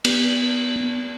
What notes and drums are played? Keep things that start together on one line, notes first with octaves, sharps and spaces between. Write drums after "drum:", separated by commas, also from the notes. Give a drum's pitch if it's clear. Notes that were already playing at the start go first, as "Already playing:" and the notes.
B3, drum: cymbal